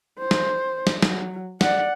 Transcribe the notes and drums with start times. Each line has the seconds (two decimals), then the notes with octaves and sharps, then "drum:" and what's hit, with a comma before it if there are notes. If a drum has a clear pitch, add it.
0.19 C5
0.31 drum: snare
0.87 drum: snare
1.03 F#3, drum: snare
1.61 D5 F#5, drum: snare